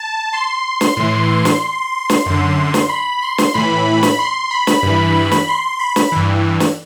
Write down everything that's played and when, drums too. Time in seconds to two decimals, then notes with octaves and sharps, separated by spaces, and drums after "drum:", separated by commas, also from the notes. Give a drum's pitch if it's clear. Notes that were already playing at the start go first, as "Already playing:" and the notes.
Already playing: A5
0.33 C6
0.81 drum: snare
0.97 A2 E3
1.45 drum: snare
2.10 drum: snare
2.26 F#2 D3 C6
2.74 drum: snare
2.89 B5
3.22 C6
3.38 drum: snare
3.54 A2 E3 B5
4.03 drum: snare
4.19 C6
4.51 B5
4.67 drum: snare
4.83 G2 E3
5.32 drum: snare
5.48 C6
5.79 B5
5.96 drum: snare
6.12 G2 E3
6.60 drum: snare